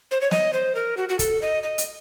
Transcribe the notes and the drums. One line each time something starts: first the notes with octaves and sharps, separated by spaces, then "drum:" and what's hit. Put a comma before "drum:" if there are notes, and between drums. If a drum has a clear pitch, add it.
C5
C#5
D#5, drum: snare
C5
A#4
F#4
F#4
A4, drum: kick, hi-hat
D#5
D#5
drum: hi-hat